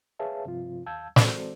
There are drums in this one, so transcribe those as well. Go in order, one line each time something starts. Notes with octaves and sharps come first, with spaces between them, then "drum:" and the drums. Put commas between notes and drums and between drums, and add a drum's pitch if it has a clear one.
G#4 B4 C#5 E5 F5 A5
G2 C3 F3 C4 F4
D#2 F5 A5 E6 G6 G#6
G#3 C4 F#4 A4 C5 D5, drum: snare